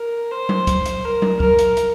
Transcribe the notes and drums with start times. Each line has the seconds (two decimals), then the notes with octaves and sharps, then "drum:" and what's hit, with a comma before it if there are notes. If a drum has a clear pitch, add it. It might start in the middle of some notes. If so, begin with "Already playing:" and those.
Already playing: A#4
0.31 C5
0.49 drum: tom F#3
0.67 drum: kick, hi-hat
0.86 drum: hi-hat
1.04 A#4
1.22 drum: tom F#3
1.40 A#4, drum: kick
1.59 drum: hi-hat
1.77 drum: hi-hat